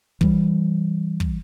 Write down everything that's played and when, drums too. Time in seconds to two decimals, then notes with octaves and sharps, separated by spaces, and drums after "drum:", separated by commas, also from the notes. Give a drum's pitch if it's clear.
0.21 E3 G3, drum: kick
1.20 drum: kick